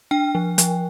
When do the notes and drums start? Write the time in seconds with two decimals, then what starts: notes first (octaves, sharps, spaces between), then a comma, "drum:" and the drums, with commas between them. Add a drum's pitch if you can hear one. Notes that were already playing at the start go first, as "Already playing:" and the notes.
0.11 D4 G5
0.35 F3
0.58 F3, drum: hi-hat